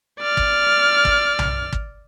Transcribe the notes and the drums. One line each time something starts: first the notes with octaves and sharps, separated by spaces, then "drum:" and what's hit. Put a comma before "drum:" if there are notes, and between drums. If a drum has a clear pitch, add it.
D5 F6
drum: kick
drum: kick
drum: tom B1
drum: kick